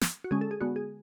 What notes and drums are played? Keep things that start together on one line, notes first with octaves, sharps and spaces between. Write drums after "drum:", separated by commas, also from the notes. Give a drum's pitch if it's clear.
drum: snare
F#4
D3 G#3 C#4 G#4
A4
G#4
D3 G#3 B3 F#4
G#4